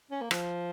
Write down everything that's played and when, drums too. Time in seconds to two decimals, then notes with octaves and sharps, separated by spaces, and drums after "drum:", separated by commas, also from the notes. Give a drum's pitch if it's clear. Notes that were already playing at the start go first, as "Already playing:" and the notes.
0.11 C#4
0.21 A#3
0.31 F3, drum: rim click